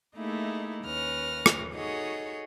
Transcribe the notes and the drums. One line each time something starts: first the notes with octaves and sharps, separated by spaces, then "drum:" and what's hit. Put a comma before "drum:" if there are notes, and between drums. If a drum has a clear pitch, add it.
A3 A#3 D#4 E4 G#4
D#2 C#4 B4 F6 A#6
drum: rim click
D#4 F#4 G#4 A4 C#5 D#5